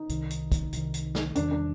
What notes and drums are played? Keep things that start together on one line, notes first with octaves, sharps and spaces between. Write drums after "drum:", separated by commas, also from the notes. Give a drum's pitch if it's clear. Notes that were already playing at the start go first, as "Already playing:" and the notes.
Already playing: D#4
C2 C3 D#3, drum: hi-hat
drum: hi-hat
drum: kick, hi-hat
C2 C3 D#3, drum: hi-hat
drum: hi-hat
drum: snare
E2 C3 D#3 G3 D4, drum: hi-hat
D4